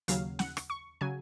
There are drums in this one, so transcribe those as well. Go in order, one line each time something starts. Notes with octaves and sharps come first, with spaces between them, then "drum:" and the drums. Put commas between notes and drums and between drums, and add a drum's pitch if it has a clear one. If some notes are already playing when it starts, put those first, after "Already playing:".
D#2 C#3 F#3 F5, drum: hi-hat
F#5, drum: snare
drum: rim click
C#6
C#3 F#3 G#5